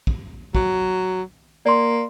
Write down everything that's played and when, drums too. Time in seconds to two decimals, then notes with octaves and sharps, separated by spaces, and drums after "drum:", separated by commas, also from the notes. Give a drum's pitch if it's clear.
0.07 drum: kick
0.55 F#3, drum: kick
1.66 A#3 D5 C6